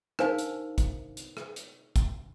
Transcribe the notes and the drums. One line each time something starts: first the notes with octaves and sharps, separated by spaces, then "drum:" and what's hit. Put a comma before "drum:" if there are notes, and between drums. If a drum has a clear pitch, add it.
D4 D#4 A#4 C5 F5 G#5, drum: rim click
drum: hi-hat
drum: kick, hi-hat
drum: hi-hat
drum: rim click
drum: hi-hat
drum: kick, hi-hat